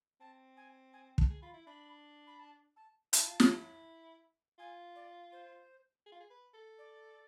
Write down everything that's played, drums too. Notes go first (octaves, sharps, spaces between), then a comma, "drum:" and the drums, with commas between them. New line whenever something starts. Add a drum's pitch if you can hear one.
C4 A5
G#5
G#5
A5, drum: kick
G#4
F4 B5
E4
D4 B5
B5
A5
A5
E4 A5, drum: hi-hat
F4
E4, drum: snare
F4 G#5
D5
C5
G#4
F4
G#4
B4
A4
D5